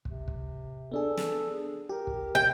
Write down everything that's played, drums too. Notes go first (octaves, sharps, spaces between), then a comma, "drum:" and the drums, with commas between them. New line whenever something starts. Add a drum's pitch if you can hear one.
C3, drum: kick
drum: kick
B3 D4 G#4 A4
drum: snare
G4 A#4
drum: kick
G4 G5